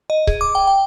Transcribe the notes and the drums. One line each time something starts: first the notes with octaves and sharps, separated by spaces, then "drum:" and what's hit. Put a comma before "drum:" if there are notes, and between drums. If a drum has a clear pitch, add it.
D#5
G#4, drum: kick C#1
D6
G5
G5